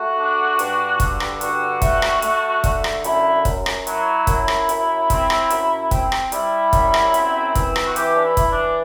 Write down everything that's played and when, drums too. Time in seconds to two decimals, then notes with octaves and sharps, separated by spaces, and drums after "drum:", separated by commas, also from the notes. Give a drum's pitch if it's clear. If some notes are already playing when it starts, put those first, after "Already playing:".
Already playing: A3 F#4
0.18 D4
0.59 G2, drum: hi-hat
1.00 D3, drum: kick, hi-hat
1.20 drum: rim click
1.41 G2 F#4, drum: hi-hat
1.82 A3, drum: kick, hi-hat
2.02 drum: rim click
2.22 A3, drum: hi-hat
2.64 D3, drum: kick, hi-hat
2.84 drum: rim click
3.04 F#2 E4, drum: hi-hat
3.45 F#2, drum: kick, hi-hat
3.66 drum: rim click
3.87 F#3 E4, drum: hi-hat
4.27 F#2, drum: kick, hi-hat
4.48 drum: rim click
4.69 F#2, drum: hi-hat
5.10 C4, drum: kick, hi-hat
5.30 drum: rim click
5.50 F#2, drum: hi-hat
5.91 C4, drum: kick, hi-hat
6.12 drum: rim click
6.32 G3 E4, drum: hi-hat
6.73 F#2, drum: kick, hi-hat
6.94 drum: rim click
7.14 C4, drum: hi-hat
7.55 E3, drum: kick, hi-hat
7.76 drum: rim click
7.85 F#4
7.96 E3 G4, drum: hi-hat
8.15 D4
8.24 E4
8.37 E3, drum: kick, hi-hat
8.51 D4